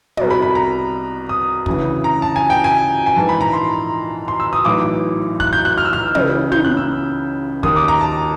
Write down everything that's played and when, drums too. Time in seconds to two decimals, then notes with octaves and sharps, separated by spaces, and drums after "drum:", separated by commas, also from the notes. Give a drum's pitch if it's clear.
0.17 C2 B2, drum: tom
0.30 B5
0.42 B5
0.55 A#5
1.29 D#6
1.66 D2 C#3 E3, drum: kick
2.04 A#5
2.22 A5
2.36 G#5
2.50 G5
2.64 G#5
3.06 G#5
3.16 A#1 G#2 E3 A5
3.29 B5
3.41 A#5
3.53 C6
4.28 C6
4.40 E6
4.53 D#6
4.65 B1 A2 E3 D6
5.40 F#6, drum: kick
5.53 G6
5.65 F#6
5.78 F6
5.85 E6
5.93 F6
6.15 C#2 C#3 E3, drum: tom
6.52 G6, drum: tom
6.65 F#6
6.77 E6
7.63 D#2 D#3 D#6, drum: kick
7.76 D6
7.88 A#5
8.01 A5